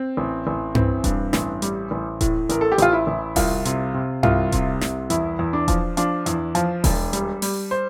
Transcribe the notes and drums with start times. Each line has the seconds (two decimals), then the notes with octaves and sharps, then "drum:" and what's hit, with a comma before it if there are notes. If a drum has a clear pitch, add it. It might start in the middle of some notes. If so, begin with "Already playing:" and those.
Already playing: C4
0.17 A1
0.47 A1
0.75 E3 C4, drum: tom G2
1.04 G2, drum: kick D#1, hi-hat
1.33 A1, drum: snare
1.62 G3, drum: hi-hat
1.91 A1
2.21 A2, drum: kick D#1, hi-hat
2.49 A1 A#4, drum: hi-hat
2.61 A4
2.72 G4
2.78 A1 F4, drum: hi-hat
2.93 E4
3.07 A1
3.36 C2 F4, drum: kick D#1, open hi-hat
3.65 C3, drum: hi-hat
3.94 C3
4.23 C2 F4, drum: tom G2
4.52 C3, drum: kick D#1, hi-hat
4.81 C2, drum: snare
5.10 E2 E4, drum: hi-hat
5.39 E2
5.53 D4
5.68 F3, drum: kick D#1, hi-hat
5.97 F3 D4, drum: hi-hat
6.26 E2, drum: hi-hat
6.55 F3, drum: hi-hat
6.84 E1, drum: kick D#1, open hi-hat
7.13 G3, drum: hi-hat
7.42 G3, drum: open hi-hat
7.71 C5